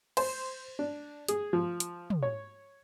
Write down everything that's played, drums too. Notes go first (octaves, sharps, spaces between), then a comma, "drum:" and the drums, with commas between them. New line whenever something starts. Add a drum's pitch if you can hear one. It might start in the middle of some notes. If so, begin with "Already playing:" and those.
C5, drum: cymbal
D4
G#4, drum: hi-hat
F3
drum: hi-hat
drum: tom
C#5